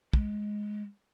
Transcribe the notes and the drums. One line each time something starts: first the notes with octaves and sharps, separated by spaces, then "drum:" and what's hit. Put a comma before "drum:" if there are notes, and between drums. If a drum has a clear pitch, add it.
G#3, drum: kick